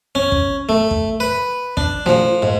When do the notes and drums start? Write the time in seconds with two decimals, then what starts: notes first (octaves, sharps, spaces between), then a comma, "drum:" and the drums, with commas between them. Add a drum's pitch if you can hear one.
0.15 C#4
0.32 drum: kick
0.69 A3
0.91 drum: kick
1.20 B4
1.77 D4, drum: kick
2.06 F3, drum: snare
2.42 G#2